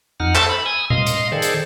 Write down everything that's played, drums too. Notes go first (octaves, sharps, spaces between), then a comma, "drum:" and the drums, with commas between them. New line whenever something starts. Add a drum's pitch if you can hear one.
F2 D#4 F#5 F6
A4 C5 E5 A5 G6 A6, drum: clap
B5
G#5 D#6 E6
D#5 F5 C6 D#6, drum: tom B2
drum: hi-hat
D#3 G#4 A4 C5 D5
drum: hi-hat